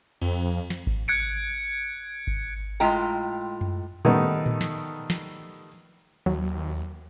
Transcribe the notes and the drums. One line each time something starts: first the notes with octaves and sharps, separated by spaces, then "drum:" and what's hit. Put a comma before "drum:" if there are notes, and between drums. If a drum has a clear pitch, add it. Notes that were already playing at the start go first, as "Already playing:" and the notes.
F2, drum: cymbal
drum: snare
drum: kick G#1
F#6 G#6 C#7 D7
drum: kick G#1
A2 G#3 F4 G5 A#5
drum: tom F#2
D#3 G3 A3 B3 D#4, drum: tom A2
drum: tom A2
drum: snare
drum: snare
D#2 F#3